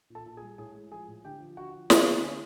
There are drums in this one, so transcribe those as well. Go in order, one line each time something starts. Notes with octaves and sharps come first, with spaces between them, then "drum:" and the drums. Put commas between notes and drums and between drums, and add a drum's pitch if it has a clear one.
A#2
A4 A5
A#2
G#4 G#5
G3
A2 G#4 G#5
G#3
F3 G#4 G#5
A2
D3 G4 G5
F3
D3 F#4 F#5
F3
F3, drum: snare
D3
D3 C#4 C#5